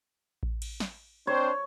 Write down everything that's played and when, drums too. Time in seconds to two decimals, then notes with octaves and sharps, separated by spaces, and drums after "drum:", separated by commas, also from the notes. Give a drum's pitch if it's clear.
0.43 drum: kick A1
0.62 drum: cymbal
0.80 drum: snare
1.27 C4 D4 C5 C#5